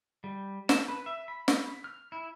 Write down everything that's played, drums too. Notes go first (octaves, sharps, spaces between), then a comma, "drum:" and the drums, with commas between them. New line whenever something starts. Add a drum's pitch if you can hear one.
G3
A5, drum: snare
B4
E5
B5
drum: snare
F6
E4